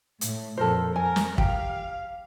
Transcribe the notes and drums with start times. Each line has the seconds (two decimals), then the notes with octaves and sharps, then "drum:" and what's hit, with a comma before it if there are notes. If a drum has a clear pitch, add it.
0.21 A2, drum: hi-hat
0.57 F2 A#2 A4 A#4 C5
0.96 A#4 G#5
1.16 drum: snare
1.38 G4 F5, drum: kick